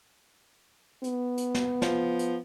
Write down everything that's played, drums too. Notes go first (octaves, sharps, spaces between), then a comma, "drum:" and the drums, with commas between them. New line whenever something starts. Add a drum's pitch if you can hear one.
B3, drum: hi-hat
drum: hi-hat
drum: snare
F3, drum: snare
drum: hi-hat